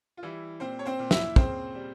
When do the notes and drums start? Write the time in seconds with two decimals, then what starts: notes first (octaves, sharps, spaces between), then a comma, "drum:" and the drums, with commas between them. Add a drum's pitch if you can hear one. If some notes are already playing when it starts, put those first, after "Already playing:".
0.17 F4
0.23 E3 G3 E4
0.60 A#2 C4 C5
0.79 C#5
0.85 C4 C5
0.99 A#2
1.11 E4 E5, drum: snare
1.36 C#3 C4 C5, drum: kick
1.75 G3